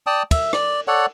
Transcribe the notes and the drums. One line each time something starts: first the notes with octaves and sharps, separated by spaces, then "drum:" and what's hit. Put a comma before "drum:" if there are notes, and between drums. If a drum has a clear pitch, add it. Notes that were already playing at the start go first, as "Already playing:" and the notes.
D5 G5 A5 D#6
E5, drum: kick, cymbal
D5, drum: rim click
A4 C#5 D5 F#5